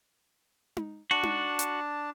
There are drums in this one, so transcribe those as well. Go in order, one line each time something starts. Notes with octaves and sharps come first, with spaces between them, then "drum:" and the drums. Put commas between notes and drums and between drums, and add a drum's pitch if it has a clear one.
drum: tom D#4
D4 F#4 A5
drum: tom D#4
drum: hi-hat